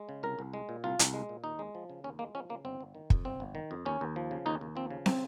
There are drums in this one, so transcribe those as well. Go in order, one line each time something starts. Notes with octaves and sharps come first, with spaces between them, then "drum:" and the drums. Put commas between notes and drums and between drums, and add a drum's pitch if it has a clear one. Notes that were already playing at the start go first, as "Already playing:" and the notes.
Already playing: G#3
C#3
C2 A#4
C2
G#3
A#2
C2 F4
C2, drum: hi-hat
G#3
A#2
D#2 D#4
G#3
F3
C#3
D#2 C#4
G#3 A#3
F3 C#4
C#3 A#3
G1 C4
G1
D#3
F2, drum: kick
G1 C4
G1
D#3
F2
D#2 C#4
D#2
F3
C#3
D#2 D#4
D#2
F3 C4
C#3
C4, drum: snare